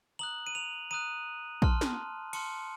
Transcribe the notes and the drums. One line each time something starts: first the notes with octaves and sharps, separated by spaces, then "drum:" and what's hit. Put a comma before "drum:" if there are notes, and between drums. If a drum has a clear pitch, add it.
A#5 D#6 F#6 F#7
D#7
F7
A#5 D#6 F#6 D#7
A5 C6 F6, drum: kick A#1
drum: snare
A5 C6 F6 C#7, drum: cymbal